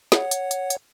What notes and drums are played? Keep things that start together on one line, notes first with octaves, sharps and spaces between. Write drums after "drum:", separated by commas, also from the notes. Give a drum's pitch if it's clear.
C#5 F#5, drum: snare
drum: hi-hat
drum: hi-hat
drum: hi-hat